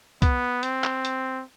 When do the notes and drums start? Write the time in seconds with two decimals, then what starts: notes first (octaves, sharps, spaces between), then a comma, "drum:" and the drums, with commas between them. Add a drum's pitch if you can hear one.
0.22 B3, drum: kick, hi-hat
0.63 C4, drum: hi-hat
0.84 drum: clap
1.05 drum: hi-hat